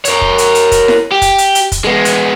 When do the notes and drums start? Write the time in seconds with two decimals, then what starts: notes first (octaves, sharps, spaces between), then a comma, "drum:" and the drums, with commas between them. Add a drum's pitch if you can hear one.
0.05 A#4 C#5, drum: hi-hat
0.21 drum: kick
0.38 drum: hi-hat
0.55 drum: hi-hat
0.72 drum: kick, hi-hat
0.88 drum: snare E4
1.11 G4
1.22 drum: kick, hi-hat
1.38 drum: hi-hat
1.55 drum: hi-hat
1.72 drum: kick, hi-hat
1.84 G#3 B3
2.05 drum: hi-hat